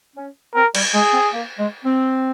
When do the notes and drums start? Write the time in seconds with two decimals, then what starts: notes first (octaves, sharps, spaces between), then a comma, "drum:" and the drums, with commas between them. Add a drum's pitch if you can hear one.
0.16 C#4
0.55 C4 A#4
0.75 G3, drum: cymbal
0.94 G#3 G#4
1.13 C4
1.33 A#3
1.59 G#3
1.85 C4